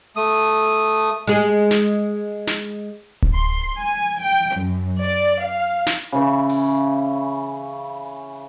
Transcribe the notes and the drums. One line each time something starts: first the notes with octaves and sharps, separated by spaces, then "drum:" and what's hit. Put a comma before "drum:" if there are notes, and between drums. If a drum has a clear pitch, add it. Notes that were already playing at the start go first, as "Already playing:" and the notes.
A3 D#6
G#3 G#4
drum: snare
drum: snare
drum: kick D1
C6
G#5
G5
F#2
D5
F5
drum: snare
C#3 E3
drum: open hi-hat